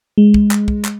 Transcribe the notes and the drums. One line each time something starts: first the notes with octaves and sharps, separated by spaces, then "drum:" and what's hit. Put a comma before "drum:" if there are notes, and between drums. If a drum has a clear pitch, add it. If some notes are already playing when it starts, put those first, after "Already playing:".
G#3
drum: kick
drum: clap
drum: kick
drum: clap